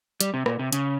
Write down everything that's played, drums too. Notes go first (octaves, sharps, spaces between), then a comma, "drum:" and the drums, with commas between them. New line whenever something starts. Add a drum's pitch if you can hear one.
G3, drum: hi-hat
C3
A#2, drum: rim click
C3
C#3, drum: hi-hat